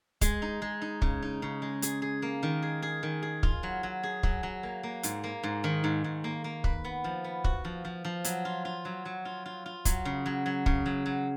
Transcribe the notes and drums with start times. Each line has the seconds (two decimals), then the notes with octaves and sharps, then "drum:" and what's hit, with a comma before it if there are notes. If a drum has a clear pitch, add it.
0.21 G#3, drum: kick, hi-hat
0.42 D#4
0.62 G#3
0.82 D#4
1.02 C#3, drum: kick
1.22 D#4
1.42 C#3
1.62 G#3
1.82 G#4, drum: hi-hat
2.02 G#4
2.22 A#3
2.43 D#3
2.63 G#4
2.82 G#4
3.03 D#3
3.22 G#4
3.43 F4, drum: kick
3.63 F#3
3.83 F#3
4.03 G#4
4.23 F#3, drum: kick
4.43 F#3
4.63 A#3
4.83 A#3
5.03 G#2, drum: hi-hat
5.24 A#3
5.43 G#2
5.64 D#3
5.84 G#2
6.04 G#2
6.24 A#3
6.44 A#3
6.64 B4, drum: kick
6.84 B3
7.04 F3
7.24 B3
7.44 F#4, drum: kick
7.65 F3
7.85 F3
8.05 F3
8.24 F#3, drum: hi-hat
8.45 F4
8.65 F4
8.85 F#3
9.05 F#3
9.25 F4
9.46 F4
9.66 F4
9.85 F#3, drum: kick, hi-hat
10.05 C#3
10.26 F#3
10.46 F#3
10.66 C#3, drum: kick
10.86 F#3
11.06 F#3